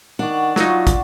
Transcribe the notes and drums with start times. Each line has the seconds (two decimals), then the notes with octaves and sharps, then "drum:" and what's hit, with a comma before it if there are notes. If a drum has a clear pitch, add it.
0.19 D#3 D4 F#5 C#6
0.56 F#3 D#4 F4, drum: snare
0.87 drum: kick, hi-hat